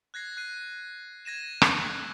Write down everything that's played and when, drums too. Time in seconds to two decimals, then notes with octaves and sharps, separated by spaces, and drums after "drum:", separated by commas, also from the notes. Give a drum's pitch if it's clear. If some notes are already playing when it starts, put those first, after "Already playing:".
0.14 F#6 G#6 A#6 C7
0.37 F#6 C7 D#7
1.25 G#6 A#6 D#7 E7
1.62 E6 F#6 G6, drum: rim click